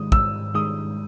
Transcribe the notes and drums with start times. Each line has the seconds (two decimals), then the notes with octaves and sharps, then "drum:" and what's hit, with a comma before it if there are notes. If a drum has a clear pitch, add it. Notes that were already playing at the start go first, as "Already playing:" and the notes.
Already playing: G#2 D#3 G#3 D#6
0.12 G#2 E6, drum: kick
0.54 D#3 G#3 D#6